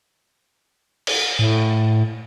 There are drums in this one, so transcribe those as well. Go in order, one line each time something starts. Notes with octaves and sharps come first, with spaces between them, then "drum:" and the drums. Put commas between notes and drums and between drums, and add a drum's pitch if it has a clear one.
drum: cymbal
A2